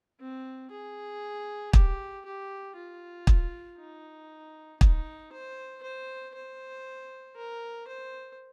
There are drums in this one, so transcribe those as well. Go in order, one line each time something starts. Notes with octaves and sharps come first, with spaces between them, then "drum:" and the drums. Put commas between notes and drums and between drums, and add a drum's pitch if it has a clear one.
C4
G#4
G4, drum: kick
G4
F4
drum: kick
D#4
D#4, drum: kick
C5
C5
C5
A#4
C5